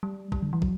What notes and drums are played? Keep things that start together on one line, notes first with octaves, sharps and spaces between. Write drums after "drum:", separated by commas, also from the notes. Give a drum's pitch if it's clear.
G3
G3, drum: kick
D3
E3
F#3, drum: kick